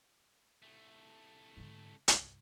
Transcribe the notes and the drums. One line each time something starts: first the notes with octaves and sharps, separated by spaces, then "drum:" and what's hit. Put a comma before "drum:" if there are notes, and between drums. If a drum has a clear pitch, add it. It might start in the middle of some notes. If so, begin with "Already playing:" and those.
C2 A3
G#2 D3
C2 G2, drum: hi-hat